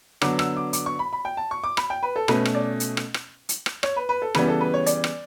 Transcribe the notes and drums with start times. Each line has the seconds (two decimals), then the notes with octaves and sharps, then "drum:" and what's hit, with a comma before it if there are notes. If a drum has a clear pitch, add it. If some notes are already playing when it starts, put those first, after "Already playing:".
0.22 D3 F#3 B3 D6, drum: rim click
0.39 E6, drum: rim click
0.57 D6
0.73 D6, drum: hi-hat
0.86 C#6
0.99 B5
1.13 B5
1.25 G5
1.37 A5
1.51 C#6
1.64 D6
1.77 B5, drum: rim click
1.90 G5
2.03 B4
2.16 A4
2.28 B2 A3 C#4 B4, drum: rim click
2.45 drum: rim click
2.55 D5
2.80 drum: hi-hat
2.97 drum: rim click
3.14 drum: rim click
3.49 drum: hi-hat
3.66 drum: rim click
3.83 C#5, drum: rim click
3.96 B4
4.09 B4
4.22 A4
4.35 C#3 E3 G3 B3 B4, drum: rim click
4.48 A4
4.60 B4
4.74 C#5
4.86 D5, drum: hi-hat
5.04 drum: rim click